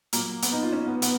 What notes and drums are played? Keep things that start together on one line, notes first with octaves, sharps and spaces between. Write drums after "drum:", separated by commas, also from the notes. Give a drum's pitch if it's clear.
A#2 F#3 A#3, drum: hi-hat
B3, drum: hi-hat
D#4
F4
C#4
B3
B3, drum: hi-hat